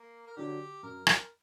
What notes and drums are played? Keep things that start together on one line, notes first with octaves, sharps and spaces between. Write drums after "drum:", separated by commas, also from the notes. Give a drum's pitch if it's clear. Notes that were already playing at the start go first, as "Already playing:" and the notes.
Already playing: A#3
A#4
D3 F#3 G4
F#2 A#4
A#4, drum: rim click